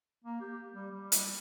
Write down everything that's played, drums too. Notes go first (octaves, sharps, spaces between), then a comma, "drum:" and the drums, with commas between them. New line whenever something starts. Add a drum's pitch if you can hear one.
A#3
G4
G3
G3
drum: hi-hat